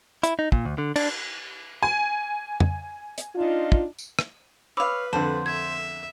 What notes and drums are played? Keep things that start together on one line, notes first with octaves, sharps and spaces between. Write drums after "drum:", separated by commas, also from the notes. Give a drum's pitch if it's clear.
E4, drum: hi-hat
D#4
A#2, drum: kick
D2
D3
D4, drum: cymbal
G#5
drum: tom F2
drum: hi-hat
D4 D#4 F4
drum: kick
drum: tambourine
drum: rim click
B4 C#5 F5 B5 D6 E6
F2 D3 C5 A5
E5 G#6